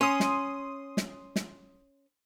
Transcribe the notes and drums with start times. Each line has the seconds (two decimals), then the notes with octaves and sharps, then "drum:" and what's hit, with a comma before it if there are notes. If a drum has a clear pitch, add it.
0.01 C#4 C6 D#6
0.20 drum: snare
0.97 drum: snare
1.36 drum: snare